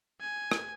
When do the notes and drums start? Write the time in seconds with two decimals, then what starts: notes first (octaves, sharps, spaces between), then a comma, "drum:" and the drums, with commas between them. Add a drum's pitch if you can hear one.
0.21 G#5
0.51 drum: rim click